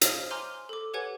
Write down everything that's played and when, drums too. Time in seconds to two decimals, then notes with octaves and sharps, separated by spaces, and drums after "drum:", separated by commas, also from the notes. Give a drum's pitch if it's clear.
0.01 C5 C#5 D#5 F5 D#6 F6, drum: hi-hat
0.31 G#5 A#5 C6 D6 F6 G6
0.69 A4 D6
0.94 G4 B4 C#5 F#5 G#5 G#6